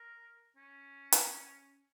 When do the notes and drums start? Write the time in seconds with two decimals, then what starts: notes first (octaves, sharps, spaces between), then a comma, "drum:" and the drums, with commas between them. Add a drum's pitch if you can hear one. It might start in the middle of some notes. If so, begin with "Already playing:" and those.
Already playing: A#4
0.56 C#4
1.12 drum: hi-hat